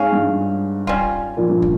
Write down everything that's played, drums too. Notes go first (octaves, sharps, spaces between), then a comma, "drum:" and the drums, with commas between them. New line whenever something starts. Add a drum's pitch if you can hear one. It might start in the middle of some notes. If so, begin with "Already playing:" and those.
Already playing: G#2 C#4 G#4 C#5 F5
G2
G3 C#4 F4, drum: kick
A#1 A#2
G2
drum: kick